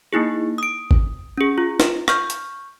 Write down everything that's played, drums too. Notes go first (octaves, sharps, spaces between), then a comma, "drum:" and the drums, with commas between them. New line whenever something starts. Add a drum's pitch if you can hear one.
A#3 D#4 E4 G#4
D#6 D7
drum: kick G#1
C#4 G#4
F4
drum: snare
C#6 F6 G6, drum: rim click
drum: hi-hat